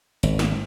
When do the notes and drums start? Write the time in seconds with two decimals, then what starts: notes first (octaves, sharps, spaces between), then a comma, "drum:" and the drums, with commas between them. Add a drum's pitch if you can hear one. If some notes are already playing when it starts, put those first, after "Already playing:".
0.23 G#1, drum: hi-hat
0.39 drum: snare